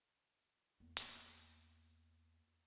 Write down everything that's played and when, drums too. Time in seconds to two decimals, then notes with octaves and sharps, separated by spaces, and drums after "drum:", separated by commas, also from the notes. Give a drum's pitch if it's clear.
0.80 E2 A#3
0.97 drum: hi-hat